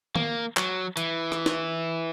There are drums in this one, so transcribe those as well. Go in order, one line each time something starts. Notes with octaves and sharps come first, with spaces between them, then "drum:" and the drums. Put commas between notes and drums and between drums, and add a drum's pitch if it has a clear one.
A#3, drum: tom
F#3, drum: clap
E3, drum: hi-hat
drum: rim click
drum: snare